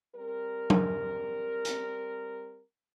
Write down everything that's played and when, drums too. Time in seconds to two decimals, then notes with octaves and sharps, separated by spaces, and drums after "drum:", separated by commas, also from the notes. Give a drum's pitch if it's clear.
0.15 G3 C4 A#4
0.70 drum: tom F#3
1.65 drum: hi-hat